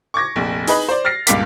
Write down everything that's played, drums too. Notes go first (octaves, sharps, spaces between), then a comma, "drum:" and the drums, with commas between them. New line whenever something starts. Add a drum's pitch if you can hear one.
C#6 D6 G#6 A#6
F1 A#1
D#4 G#4 B4 D#5 B5, drum: open hi-hat
C5 D5
F6 A6 A#6 C7
C#2 G2 A#2 F5 D6 B6, drum: hi-hat